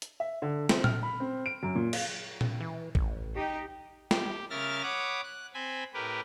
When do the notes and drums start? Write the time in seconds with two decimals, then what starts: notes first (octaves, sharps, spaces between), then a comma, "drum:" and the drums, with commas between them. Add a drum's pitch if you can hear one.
0.02 drum: hi-hat
0.20 E5
0.42 D3
0.69 C4, drum: snare
0.84 F6, drum: tom A#2
1.03 B5
1.20 C4
1.46 D7
1.63 F#2
1.75 A#2
1.93 F5, drum: cymbal
2.41 drum: tom A#2
2.61 E3
2.95 A1, drum: kick A#1
3.35 D#4 G4
4.11 G4, drum: snare
4.50 C#3 A#4 E5 F6 A6 A#6
4.83 C#5 F#5 B5 D6 D#6
5.24 F#6
5.54 C4 C5 G#5 B5
5.94 A2 G4 A#4 B4